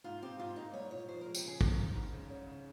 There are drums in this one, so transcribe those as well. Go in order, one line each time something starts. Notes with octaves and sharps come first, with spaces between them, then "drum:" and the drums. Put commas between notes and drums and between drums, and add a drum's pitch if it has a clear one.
G#2 F4
C4 G4
G#2 F4
A#3 D#4
G3 C#5
A#2 C#5
F3 C5
A#4
G#3
G4, drum: tambourine
C#3 G#4
C4 A#4, drum: kick
D#3
G#2
C#3
C#4
C#3